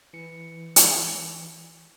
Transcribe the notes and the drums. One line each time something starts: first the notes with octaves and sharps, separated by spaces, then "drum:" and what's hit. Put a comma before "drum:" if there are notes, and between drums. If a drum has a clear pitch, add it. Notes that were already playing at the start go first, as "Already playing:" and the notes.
E3 C#7
drum: hi-hat